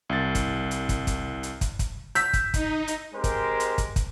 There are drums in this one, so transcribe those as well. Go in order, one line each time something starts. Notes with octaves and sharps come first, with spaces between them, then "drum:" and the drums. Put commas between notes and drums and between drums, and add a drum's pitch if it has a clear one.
C2 A6
drum: kick, hi-hat
drum: hi-hat
drum: kick, hi-hat
drum: kick, hi-hat
drum: hi-hat
drum: kick, hi-hat
drum: kick, hi-hat
E6 G6 B6, drum: hi-hat
drum: kick, hi-hat
D#4, drum: kick, hi-hat
drum: hi-hat
G#3 C4 G4 A#4 C5
drum: kick, hi-hat
drum: hi-hat
drum: kick, hi-hat
drum: kick, hi-hat